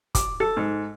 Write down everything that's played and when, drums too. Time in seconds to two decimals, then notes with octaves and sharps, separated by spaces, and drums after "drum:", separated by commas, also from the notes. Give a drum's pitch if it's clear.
0.15 D6, drum: kick, hi-hat
0.40 A4
0.57 G#2